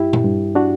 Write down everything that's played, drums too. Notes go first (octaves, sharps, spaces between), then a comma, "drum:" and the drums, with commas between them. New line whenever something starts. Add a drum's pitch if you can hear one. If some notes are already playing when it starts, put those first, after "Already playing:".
Already playing: G2 E4 G4
drum: tom A#2
G2
D4 F#4